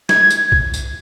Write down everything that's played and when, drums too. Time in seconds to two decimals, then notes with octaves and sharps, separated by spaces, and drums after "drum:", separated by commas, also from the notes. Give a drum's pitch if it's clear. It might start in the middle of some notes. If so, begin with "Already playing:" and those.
0.09 G#6, drum: snare
0.30 drum: tambourine
0.52 drum: kick
0.74 drum: tambourine